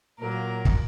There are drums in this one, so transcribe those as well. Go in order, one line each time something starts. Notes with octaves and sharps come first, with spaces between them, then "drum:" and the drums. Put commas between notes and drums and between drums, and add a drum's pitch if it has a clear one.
A#2 F#3 A#3 A#4
drum: kick